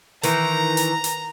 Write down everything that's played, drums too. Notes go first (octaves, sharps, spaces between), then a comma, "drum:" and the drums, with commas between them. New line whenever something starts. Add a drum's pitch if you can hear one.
D#3 E3 A#5, drum: hi-hat
drum: hi-hat
drum: hi-hat